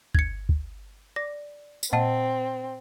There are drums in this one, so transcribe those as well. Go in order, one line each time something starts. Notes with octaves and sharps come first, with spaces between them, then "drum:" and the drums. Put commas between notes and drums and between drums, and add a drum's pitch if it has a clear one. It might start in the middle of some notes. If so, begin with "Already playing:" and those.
G1 G#6 C#7, drum: kick
drum: kick
D5 A#6
drum: tambourine
A#2 C4 D#5 F#5 A5